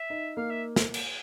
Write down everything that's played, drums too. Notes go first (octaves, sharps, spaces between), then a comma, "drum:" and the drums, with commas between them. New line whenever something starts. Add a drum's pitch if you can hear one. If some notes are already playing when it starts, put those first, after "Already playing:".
Already playing: E5
D#4
A#3 F5
E5
drum: snare
drum: cymbal